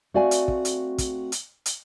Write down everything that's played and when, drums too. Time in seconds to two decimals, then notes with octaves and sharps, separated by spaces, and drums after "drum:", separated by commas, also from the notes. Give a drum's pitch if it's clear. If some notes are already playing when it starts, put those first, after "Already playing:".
0.14 A3 C4 F#4 D5 F5 G#5
0.31 drum: hi-hat
0.48 drum: kick
0.65 drum: hi-hat
0.98 drum: kick, hi-hat
1.32 drum: hi-hat
1.66 drum: hi-hat